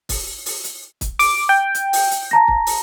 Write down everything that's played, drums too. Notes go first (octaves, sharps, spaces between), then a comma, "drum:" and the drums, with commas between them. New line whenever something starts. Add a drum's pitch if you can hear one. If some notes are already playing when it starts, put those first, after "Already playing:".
drum: kick, open hi-hat
drum: open hi-hat
drum: hi-hat
drum: kick, hi-hat
D6, drum: open hi-hat
G5
drum: hi-hat
drum: open hi-hat
drum: hi-hat
A5 A#5 A#6
drum: kick
drum: open hi-hat